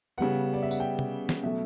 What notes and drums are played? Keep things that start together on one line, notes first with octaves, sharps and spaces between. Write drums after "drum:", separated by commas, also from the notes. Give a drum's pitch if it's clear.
C#3 G3 B3 F#5
D5
E5
F#5, drum: tambourine
G5
drum: tom C3
drum: snare
B2 F#3 A3 E5